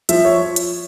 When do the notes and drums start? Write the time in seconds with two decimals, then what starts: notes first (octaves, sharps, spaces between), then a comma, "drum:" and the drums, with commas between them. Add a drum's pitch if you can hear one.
0.09 F3 E5, drum: hi-hat
0.25 C#5
0.56 drum: hi-hat